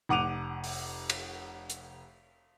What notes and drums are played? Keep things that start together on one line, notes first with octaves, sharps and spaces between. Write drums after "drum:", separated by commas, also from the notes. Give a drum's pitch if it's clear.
F1 F#5 D6 D#7 F7
drum: open hi-hat
drum: cymbal
drum: hi-hat